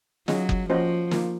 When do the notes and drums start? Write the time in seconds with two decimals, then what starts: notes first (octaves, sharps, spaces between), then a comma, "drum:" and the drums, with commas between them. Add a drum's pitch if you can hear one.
0.28 F#3 C#4 F4 G#4 D#5 F#5, drum: snare
0.49 drum: kick F#1
0.70 F3 A#3 C#4 F#4 C5 D#5
1.11 A#3 F4 A#4, drum: snare